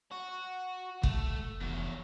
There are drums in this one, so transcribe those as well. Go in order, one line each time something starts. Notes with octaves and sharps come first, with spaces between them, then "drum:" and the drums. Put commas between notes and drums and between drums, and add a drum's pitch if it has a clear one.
F#4
A3, drum: kick
F1 E2 F#3